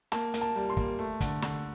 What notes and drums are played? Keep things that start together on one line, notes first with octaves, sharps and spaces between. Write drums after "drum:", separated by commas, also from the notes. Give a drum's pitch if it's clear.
A#3 A5, drum: snare
A#3, drum: hi-hat
A5
G3
C6
A#3, drum: kick
A3
D3, drum: kick, hi-hat
D3, drum: snare